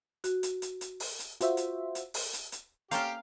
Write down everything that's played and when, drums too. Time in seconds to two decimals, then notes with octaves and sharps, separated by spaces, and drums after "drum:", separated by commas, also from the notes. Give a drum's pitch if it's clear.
0.24 F#4, drum: hi-hat
0.43 drum: hi-hat
0.62 drum: hi-hat
0.81 drum: hi-hat
1.00 drum: open hi-hat
1.19 drum: hi-hat
1.41 F4 F#4 C5 E5, drum: hi-hat
1.57 drum: hi-hat
1.95 drum: hi-hat
2.14 drum: open hi-hat
2.33 drum: hi-hat
2.52 drum: hi-hat
2.91 A#3 C4 C#4 G4 A4 F5 A#5, drum: hi-hat